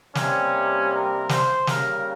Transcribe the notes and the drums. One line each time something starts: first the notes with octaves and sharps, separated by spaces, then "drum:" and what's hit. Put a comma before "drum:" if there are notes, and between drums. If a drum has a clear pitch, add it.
C3 G3 A#3 C#4, drum: snare
A#4
C5, drum: snare
C#3 G3 A#3 A#4, drum: snare